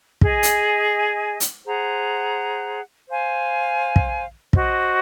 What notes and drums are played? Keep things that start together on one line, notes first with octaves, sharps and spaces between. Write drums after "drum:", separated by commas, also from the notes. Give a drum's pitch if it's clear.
G#4 D#5 G#5, drum: kick
drum: hi-hat
drum: hi-hat
G#4 C5 F#5 A#5
C5 F5 G#5
drum: kick
F#4 C5 D#5, drum: kick